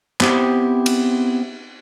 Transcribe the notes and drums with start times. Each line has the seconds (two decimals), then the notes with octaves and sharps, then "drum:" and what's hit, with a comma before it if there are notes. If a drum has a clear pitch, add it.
0.21 B3 C4 E4 G4 C5, drum: clap
0.86 drum: cymbal